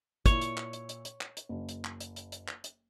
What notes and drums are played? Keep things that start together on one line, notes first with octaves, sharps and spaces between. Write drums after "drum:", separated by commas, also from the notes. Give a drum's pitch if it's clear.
A#2 E4 C#5, drum: kick, hi-hat
drum: hi-hat
drum: clap
drum: hi-hat
drum: hi-hat
drum: hi-hat
drum: clap
drum: hi-hat
F#1
drum: hi-hat
drum: clap
drum: hi-hat
drum: hi-hat
drum: hi-hat
drum: clap
drum: hi-hat